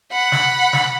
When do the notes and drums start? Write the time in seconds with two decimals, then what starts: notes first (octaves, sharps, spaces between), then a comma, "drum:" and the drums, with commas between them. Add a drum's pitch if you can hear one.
0.11 F#5 B5
0.32 drum: snare
0.73 drum: snare